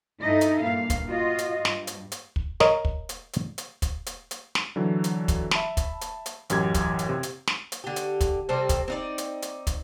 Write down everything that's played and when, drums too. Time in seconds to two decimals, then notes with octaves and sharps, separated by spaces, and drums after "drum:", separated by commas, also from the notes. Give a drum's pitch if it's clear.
0.22 G2 D#4 E4 A4 D#5
0.41 drum: hi-hat
0.62 G2 A#2 F5
0.90 drum: kick, hi-hat
1.08 F4 F#4 D#5
1.38 drum: hi-hat
1.65 G2, drum: snare
1.87 drum: hi-hat
2.12 drum: hi-hat
2.36 drum: kick
2.60 A#4 C#5 D#5, drum: snare
2.85 drum: kick
3.09 drum: hi-hat
3.33 drum: hi-hat
3.58 drum: hi-hat
3.82 drum: kick, hi-hat
4.06 drum: hi-hat
4.31 drum: hi-hat
4.55 drum: snare
4.76 D3 E3 F#3
5.04 drum: hi-hat
5.28 drum: kick, hi-hat
5.51 E5 A5 B5, drum: snare
5.77 drum: kick, hi-hat
6.01 drum: hi-hat
6.26 drum: hi-hat
6.50 A1 F#2 G4 G#6, drum: hi-hat
6.74 drum: kick, hi-hat
6.99 drum: hi-hat
7.09 C3
7.23 drum: hi-hat
7.47 drum: snare
7.72 drum: hi-hat
7.84 D3 G4
7.96 drum: hi-hat
8.21 drum: kick, hi-hat
8.49 C3 G3 C4 A4
8.69 drum: kick, hi-hat
8.88 C4 D#4 D5
9.18 drum: hi-hat
9.42 drum: hi-hat
9.67 drum: kick, hi-hat